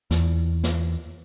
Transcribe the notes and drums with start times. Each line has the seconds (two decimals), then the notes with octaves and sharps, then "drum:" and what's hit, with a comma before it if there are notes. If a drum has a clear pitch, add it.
0.11 E2, drum: snare
0.64 drum: snare